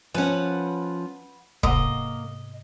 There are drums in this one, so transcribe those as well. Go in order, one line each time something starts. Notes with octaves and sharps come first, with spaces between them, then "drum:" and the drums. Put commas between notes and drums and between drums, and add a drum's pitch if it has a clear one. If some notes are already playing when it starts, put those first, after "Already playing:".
F3 C#4 B4 F#5 G#5
G#2 C3 A#3 D#5 F#5, drum: kick